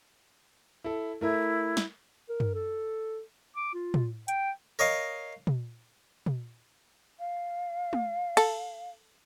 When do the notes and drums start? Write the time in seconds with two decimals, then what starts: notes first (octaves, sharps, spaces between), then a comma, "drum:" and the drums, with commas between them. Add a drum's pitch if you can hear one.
0.84 E4 A4
1.21 A3 E4 A#4 E5
1.77 drum: snare
2.29 A#4
2.40 drum: tom
2.54 A4
3.56 D6
3.74 F4
3.94 drum: tom
4.28 G5, drum: hi-hat
4.79 A#4 C#5 D#5 F5
5.47 drum: tom
6.26 drum: tom
7.20 F5
7.93 drum: tom
8.37 A4, drum: cymbal